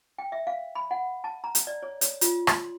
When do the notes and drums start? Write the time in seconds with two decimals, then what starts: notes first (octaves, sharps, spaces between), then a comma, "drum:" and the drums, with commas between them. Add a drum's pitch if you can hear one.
0.18 G5
0.32 E5
0.47 F5
0.75 B5
0.91 F#5
1.24 A5
1.44 A#5
1.55 drum: hi-hat
1.67 D5
1.83 C#5
2.01 C#5, drum: hi-hat
2.21 F4, drum: hi-hat
2.47 C6, drum: rim click